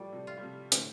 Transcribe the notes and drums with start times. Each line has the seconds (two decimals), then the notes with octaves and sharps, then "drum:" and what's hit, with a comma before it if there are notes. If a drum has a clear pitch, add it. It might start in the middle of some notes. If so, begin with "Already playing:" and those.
Already playing: A2 F3 G3 A3
0.12 C3 F3
0.27 F4
0.37 G3
0.42 C3 F3
0.72 A2 D3, drum: hi-hat